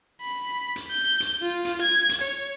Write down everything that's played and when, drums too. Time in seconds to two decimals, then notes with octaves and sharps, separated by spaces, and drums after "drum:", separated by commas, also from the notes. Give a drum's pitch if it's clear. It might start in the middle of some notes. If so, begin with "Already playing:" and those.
0.21 B5
0.76 drum: hi-hat
0.91 G6
1.20 drum: hi-hat
1.42 F4
1.65 drum: hi-hat
1.82 G#6
2.09 drum: hi-hat
2.21 C#5